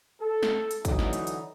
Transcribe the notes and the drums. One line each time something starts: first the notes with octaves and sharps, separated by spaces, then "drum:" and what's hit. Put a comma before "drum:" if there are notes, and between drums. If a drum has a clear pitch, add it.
A4
drum: snare
drum: hi-hat
D3 E3 F#3 D#4, drum: kick, hi-hat
drum: snare
drum: hi-hat
drum: hi-hat